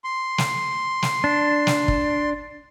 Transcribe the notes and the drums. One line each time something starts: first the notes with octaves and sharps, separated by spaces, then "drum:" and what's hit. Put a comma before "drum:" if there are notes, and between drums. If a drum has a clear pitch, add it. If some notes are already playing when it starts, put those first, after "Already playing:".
C6
drum: snare
drum: snare
D4
drum: snare
drum: kick